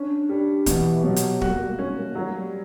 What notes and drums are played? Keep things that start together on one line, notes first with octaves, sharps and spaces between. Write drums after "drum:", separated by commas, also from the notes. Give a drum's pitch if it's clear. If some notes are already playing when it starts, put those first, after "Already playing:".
Already playing: C#4 D4
G3 D4
B2 E3, drum: kick, hi-hat
B2 F#3
drum: hi-hat
G3 F#4, drum: kick
A#3
G3
A#3
G3 C#4
A#3
G3
A#3
F#3 G3
A#3
G3